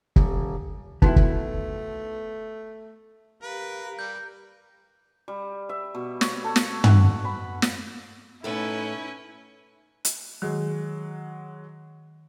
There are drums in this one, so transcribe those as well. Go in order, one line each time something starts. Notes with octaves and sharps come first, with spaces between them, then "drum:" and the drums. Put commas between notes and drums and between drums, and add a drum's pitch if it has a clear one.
D#1, drum: kick
A3 B3 D#4 E4 F#4 G5, drum: kick
drum: kick
G4 A#4 B4 F5
G3 G6
G3
E5
B2
C#5, drum: snare
A4
drum: snare
F#5, drum: tom
B5
drum: snare
A2 C#4 D#4 E4 A4 B4
drum: hi-hat
D#3 F#3 G#3